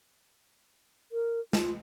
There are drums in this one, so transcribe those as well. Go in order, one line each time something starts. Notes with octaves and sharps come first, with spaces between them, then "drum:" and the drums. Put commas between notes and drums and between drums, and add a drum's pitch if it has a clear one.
A#4
F4, drum: snare